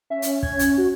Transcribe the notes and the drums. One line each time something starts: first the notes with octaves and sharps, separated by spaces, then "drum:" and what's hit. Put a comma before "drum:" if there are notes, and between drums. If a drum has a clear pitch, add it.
C#4 E5
drum: hi-hat
G#6, drum: kick
drum: hi-hat
F#4